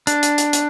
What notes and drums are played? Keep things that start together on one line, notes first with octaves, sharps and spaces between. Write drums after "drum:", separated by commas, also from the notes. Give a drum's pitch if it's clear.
D4, drum: hi-hat
drum: hi-hat
drum: hi-hat
drum: hi-hat